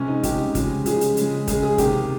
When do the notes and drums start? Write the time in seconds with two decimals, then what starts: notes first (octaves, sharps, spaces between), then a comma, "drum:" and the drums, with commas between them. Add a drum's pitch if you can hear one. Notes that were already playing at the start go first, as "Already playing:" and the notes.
Already playing: C3 F3 G#3 C#4
0.08 D#4
0.23 C3 F3 G#3 G4, drum: kick, hi-hat
0.55 C#3 F3 G#3, drum: kick, hi-hat
0.86 C#3 F3 G#3 G#4, drum: hi-hat
1.01 drum: hi-hat
1.17 C#3 G#3, drum: hi-hat
1.47 C#3 G#3 G#4, drum: kick, hi-hat
1.63 G#4
1.78 C3 D#3 A#3 G4, drum: kick, hi-hat